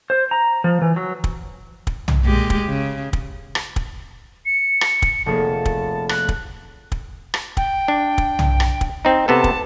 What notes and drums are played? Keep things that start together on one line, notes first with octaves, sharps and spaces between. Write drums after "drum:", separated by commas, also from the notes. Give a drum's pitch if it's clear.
C5
A#5
F3
E3
F#3
drum: kick
drum: kick
drum: tom
A#2 G#3 G4
drum: kick
C#3
drum: kick
drum: rim click
drum: kick
C#7
drum: rim click
drum: kick
F1 A#3 G#4 A5
drum: kick
F#6, drum: rim click
drum: kick
drum: kick
drum: rim click
G5, drum: kick
D4
drum: kick
drum: tom
drum: rim click
drum: kick
C4 D#4
C3 B3 A4 A5
drum: kick